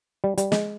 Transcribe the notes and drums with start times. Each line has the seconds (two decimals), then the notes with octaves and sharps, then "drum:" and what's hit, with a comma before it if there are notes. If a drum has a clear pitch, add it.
0.24 G3
0.38 G3, drum: hi-hat
0.52 G#3, drum: snare